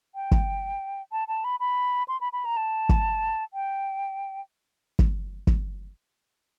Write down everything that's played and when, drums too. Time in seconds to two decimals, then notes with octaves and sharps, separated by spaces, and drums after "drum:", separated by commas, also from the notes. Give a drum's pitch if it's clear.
0.15 G5
0.31 drum: kick
1.12 A5
1.28 A5
1.44 B5
1.60 B5
2.08 C6
2.21 B5
2.33 B5
2.45 A#5
2.57 A5
2.89 drum: kick
3.54 G5
4.99 drum: kick
5.47 drum: kick